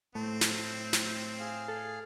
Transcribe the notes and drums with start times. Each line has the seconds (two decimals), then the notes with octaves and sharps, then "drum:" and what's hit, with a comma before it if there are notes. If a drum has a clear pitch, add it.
0.15 A2 A3 C4
0.41 drum: snare
0.93 drum: snare
1.39 G#4 F5
1.68 A4